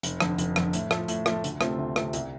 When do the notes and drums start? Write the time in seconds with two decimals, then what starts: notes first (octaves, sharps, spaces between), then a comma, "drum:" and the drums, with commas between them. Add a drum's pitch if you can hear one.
0.03 F1, drum: hi-hat
0.20 F2 D3, drum: rim click
0.38 F1, drum: hi-hat
0.56 F2 D3, drum: rim click
0.73 A2, drum: hi-hat
0.91 F3 A3 F4, drum: rim click
1.08 A2, drum: hi-hat
1.26 F3 A3 F4, drum: rim click
1.44 D2, drum: hi-hat
1.61 C3 A3 C4 F4, drum: rim click
1.78 D2
1.96 C3 A3 C4 F4, drum: rim click
2.13 C2, drum: hi-hat